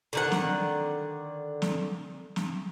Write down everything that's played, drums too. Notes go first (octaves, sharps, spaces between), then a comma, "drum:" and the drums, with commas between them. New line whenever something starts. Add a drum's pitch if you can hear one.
D3 D#3 F#5
drum: snare
drum: snare
drum: snare